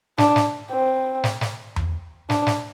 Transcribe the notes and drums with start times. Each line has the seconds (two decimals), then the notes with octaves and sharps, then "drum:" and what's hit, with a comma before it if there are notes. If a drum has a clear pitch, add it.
0.18 D4, drum: snare
0.36 drum: snare
0.71 C4
1.24 drum: snare
1.41 drum: snare
1.76 drum: tom E2
2.30 D4, drum: snare
2.47 drum: snare